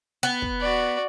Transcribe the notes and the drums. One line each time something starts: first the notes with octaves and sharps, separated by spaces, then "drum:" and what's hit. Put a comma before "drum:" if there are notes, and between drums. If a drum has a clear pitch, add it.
B3
drum: kick
F#4 D5